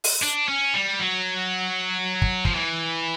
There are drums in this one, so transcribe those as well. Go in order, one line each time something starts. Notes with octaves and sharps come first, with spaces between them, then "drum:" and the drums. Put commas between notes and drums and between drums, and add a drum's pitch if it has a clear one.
drum: open hi-hat
D4
C#4
G3
F#3
drum: kick
F3, drum: kick
E3